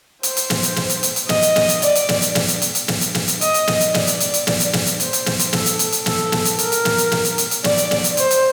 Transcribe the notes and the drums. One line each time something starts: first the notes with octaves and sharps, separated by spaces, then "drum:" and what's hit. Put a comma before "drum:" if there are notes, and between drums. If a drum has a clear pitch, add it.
C5, drum: hi-hat
drum: hi-hat
drum: snare
drum: hi-hat
drum: snare
drum: hi-hat
drum: hi-hat
drum: hi-hat
D#5, drum: snare
drum: hi-hat
drum: snare
drum: hi-hat
D5, drum: hi-hat
drum: hi-hat
drum: snare
drum: hi-hat
drum: snare
drum: hi-hat
drum: hi-hat
drum: hi-hat
drum: snare
drum: hi-hat
drum: snare
drum: hi-hat
D#5, drum: hi-hat
drum: hi-hat
drum: snare
drum: hi-hat
D5, drum: snare
drum: hi-hat
drum: hi-hat
drum: hi-hat
drum: snare
drum: hi-hat
drum: snare
drum: hi-hat
C5, drum: hi-hat
drum: hi-hat
drum: snare
drum: hi-hat
A4, drum: snare
drum: hi-hat
drum: hi-hat
drum: hi-hat
A4, drum: snare
drum: snare
drum: hi-hat
A#4, drum: hi-hat
drum: hi-hat
drum: snare
drum: hi-hat
drum: snare
drum: hi-hat
drum: hi-hat
drum: hi-hat
D5, drum: snare
drum: hi-hat
drum: snare
drum: hi-hat
C5, drum: hi-hat
drum: hi-hat